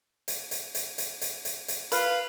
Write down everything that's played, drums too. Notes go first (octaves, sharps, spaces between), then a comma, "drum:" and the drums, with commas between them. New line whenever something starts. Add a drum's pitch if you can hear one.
drum: hi-hat
drum: hi-hat
drum: hi-hat
drum: hi-hat
drum: hi-hat
drum: hi-hat
drum: hi-hat
F4 B4 F5, drum: hi-hat